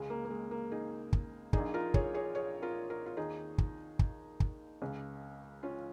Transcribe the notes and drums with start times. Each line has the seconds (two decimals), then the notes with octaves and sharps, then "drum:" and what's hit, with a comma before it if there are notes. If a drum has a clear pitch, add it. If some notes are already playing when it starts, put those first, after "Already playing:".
Already playing: C#2 C#3 G#3
0.10 A#3
0.25 A#3
0.31 G#3
0.51 A#3
0.72 D#4 G#4
1.13 drum: kick
1.53 A#1 A#2 D#4 G#4, drum: kick
1.74 F4 A#4
1.94 G#4 C#5, drum: kick
2.14 G#4 C#5
2.35 G#4 C#5
2.62 F4 A#4
2.90 F4 A#4
3.06 F4
3.17 D#2 D#3 D#4 G#4
3.58 drum: kick
3.99 drum: kick
4.40 drum: kick
4.82 C#2 C#3
5.63 C#4 F4